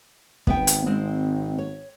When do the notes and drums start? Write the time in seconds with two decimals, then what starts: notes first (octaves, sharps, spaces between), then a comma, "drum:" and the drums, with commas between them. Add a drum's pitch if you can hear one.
0.47 G#1 B3 E5 G5, drum: kick
0.67 drum: hi-hat
0.86 G#3 C4
1.58 C#5